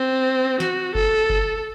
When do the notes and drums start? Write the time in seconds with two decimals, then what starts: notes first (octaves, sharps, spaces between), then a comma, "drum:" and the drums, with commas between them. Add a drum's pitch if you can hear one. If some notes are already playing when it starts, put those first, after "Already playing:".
Already playing: C4
0.60 F#4, drum: snare
0.95 A4, drum: kick F#1
1.30 drum: kick F#1